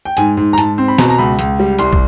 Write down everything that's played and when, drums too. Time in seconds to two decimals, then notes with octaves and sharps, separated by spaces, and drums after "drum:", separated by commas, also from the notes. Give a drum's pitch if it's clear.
0.05 G5
0.17 G#2 G#5, drum: hi-hat
0.37 G#2
0.53 A#5
0.58 G#2 A5, drum: hi-hat
0.78 C4
0.88 B5
0.98 B2 A#5, drum: snare
1.10 A#5
1.18 C#2 B5
1.39 C#2, drum: hi-hat
1.60 G3
1.79 C2 C6, drum: hi-hat
1.93 drum: kick